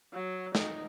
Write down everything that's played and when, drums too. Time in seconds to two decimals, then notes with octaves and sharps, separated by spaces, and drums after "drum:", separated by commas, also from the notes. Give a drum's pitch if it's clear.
0.13 F#3
0.55 D#4, drum: snare